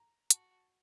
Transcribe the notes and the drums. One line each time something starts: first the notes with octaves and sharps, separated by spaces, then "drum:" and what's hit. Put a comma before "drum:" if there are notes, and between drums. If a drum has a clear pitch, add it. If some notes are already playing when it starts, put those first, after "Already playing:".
Already playing: A#5
F#4 A5, drum: hi-hat